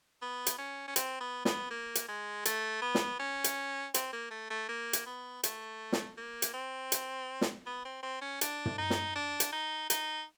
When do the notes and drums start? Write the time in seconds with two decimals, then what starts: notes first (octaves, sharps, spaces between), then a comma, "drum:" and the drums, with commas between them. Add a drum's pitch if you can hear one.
0.22 B3
0.47 drum: hi-hat
0.58 C#4
0.88 C#4
0.96 C4, drum: hi-hat
1.21 B3
1.45 B3, drum: snare
1.71 A#3
1.95 drum: hi-hat
2.08 G#3
2.45 A3, drum: hi-hat
2.82 B3
2.95 drum: snare
3.20 C#4
3.44 drum: hi-hat
3.94 C4, drum: hi-hat
4.13 A#3
4.31 A3
4.50 A3
4.69 A#3
4.93 drum: hi-hat
5.06 B3
5.43 A3, drum: hi-hat
5.93 drum: snare
6.17 A#3
6.42 drum: hi-hat
6.54 C4
6.92 drum: hi-hat
7.41 drum: snare
7.66 B3
7.85 C4
8.03 C4
8.22 C#4
8.41 D4, drum: hi-hat
8.66 drum: tom
8.78 D#4
8.90 drum: snare
9.16 D4
9.40 drum: hi-hat
9.53 D#4
9.90 D#4, drum: hi-hat